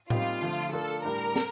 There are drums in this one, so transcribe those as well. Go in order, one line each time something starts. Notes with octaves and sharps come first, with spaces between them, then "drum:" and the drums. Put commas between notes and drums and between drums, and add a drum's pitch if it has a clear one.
A#2 G3 C4 D#4 F4 G4, drum: tom A2
D3 F3 A3
A3 D4 F4 A4 A#4
A2 G3 D4 A#4
A4, drum: snare